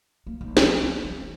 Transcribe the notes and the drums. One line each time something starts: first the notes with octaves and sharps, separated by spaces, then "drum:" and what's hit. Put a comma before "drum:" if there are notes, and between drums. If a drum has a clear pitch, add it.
A#3
B1
F3, drum: snare
C4
E3